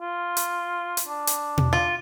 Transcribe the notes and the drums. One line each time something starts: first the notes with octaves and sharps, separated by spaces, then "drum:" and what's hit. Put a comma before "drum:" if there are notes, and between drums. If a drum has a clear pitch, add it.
F4
drum: hi-hat
drum: hi-hat
D4
drum: hi-hat
drum: tom B2
F4